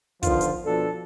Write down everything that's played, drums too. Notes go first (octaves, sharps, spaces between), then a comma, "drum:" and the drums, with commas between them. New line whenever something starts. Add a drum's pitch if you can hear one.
D3 D#3 F3 B3 F4, drum: kick, hi-hat
drum: hi-hat
B2 F3 D4 A4